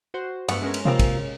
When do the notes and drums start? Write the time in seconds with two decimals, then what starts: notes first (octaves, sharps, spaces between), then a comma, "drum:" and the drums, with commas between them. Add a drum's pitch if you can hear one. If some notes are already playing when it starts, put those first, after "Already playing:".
0.14 F#4 C5
0.48 G2 A3 B3 F#5, drum: cymbal
0.62 G#3 C#4 A#4
0.74 drum: cymbal
0.85 C3 A#3 C4 F4
0.99 drum: kick, cymbal